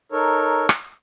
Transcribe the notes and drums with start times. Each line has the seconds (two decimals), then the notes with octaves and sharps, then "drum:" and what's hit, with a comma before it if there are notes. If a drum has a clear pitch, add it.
0.12 D#4 A4 A#4 C#5
0.69 drum: rim click